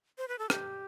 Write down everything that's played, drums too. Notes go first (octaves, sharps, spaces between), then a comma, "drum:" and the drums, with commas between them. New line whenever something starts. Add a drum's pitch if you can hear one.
C5
B4
A4
G4, drum: rim click